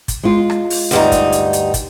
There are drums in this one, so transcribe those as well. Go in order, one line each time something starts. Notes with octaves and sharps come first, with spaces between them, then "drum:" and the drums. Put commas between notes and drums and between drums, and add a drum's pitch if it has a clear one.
drum: kick, hi-hat
G#3 F4
drum: rim click
drum: open hi-hat
D2 G2 D#4, drum: hi-hat
drum: kick, hi-hat
drum: hi-hat
drum: hi-hat
drum: kick, hi-hat